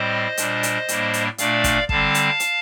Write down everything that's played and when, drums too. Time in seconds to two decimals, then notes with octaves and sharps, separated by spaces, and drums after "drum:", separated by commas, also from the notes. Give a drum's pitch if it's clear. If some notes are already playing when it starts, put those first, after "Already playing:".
Already playing: A2 G3 C4 C5 D#5
0.37 A#2 G3 D4, drum: hi-hat
0.63 drum: hi-hat
0.89 A2 G3 A#3 D4, drum: hi-hat
1.14 drum: hi-hat
1.38 A#2 A3 D4 D5 F5, drum: hi-hat
1.64 drum: kick, hi-hat
1.89 D3 G3 C4 F5 A5, drum: kick
2.14 drum: hi-hat
2.40 drum: hi-hat